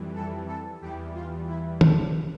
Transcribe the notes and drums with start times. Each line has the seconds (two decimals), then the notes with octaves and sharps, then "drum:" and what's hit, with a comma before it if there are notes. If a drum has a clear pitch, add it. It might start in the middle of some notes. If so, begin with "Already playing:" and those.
Already playing: F2 E3 G3
0.15 A4
0.48 A4
0.81 E2 E3 G3 G4
1.15 F4
1.48 E4
1.81 D4, drum: tom D#3